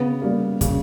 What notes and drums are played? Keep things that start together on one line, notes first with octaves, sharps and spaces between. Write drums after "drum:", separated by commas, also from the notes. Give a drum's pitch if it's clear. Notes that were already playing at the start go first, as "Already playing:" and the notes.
Already playing: C#3 B3
G3 A#3
C#3, drum: kick, hi-hat